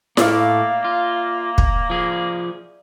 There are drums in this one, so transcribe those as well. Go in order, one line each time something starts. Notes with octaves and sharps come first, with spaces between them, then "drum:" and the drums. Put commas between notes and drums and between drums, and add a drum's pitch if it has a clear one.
A2 A#3 D5 E5 F5, drum: snare E4
F4
drum: kick
F3 G#4